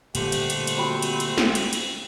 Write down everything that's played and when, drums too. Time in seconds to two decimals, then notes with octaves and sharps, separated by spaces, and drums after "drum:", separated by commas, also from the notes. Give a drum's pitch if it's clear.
0.15 A#2 D3 G3 A3 G4 C5 F#5, drum: cymbal
0.32 drum: cymbal
0.50 drum: cymbal
0.67 drum: cymbal
0.78 C4 F#4 G4 B5
1.02 drum: cymbal
1.20 drum: cymbal
1.38 drum: snare
1.55 drum: cymbal
1.73 drum: cymbal